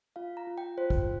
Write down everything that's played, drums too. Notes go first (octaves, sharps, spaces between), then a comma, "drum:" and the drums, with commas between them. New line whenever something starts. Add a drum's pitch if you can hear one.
F4 F5
A#5
F4
G5
F4 C5
drum: kick